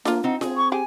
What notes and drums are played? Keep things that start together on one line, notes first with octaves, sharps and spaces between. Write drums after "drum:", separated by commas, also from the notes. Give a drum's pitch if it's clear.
A#3 D4 F4, drum: snare F4
C4 D#4 F#5
C4 G#4, drum: snare F4
C#6
G4 G#4 G#5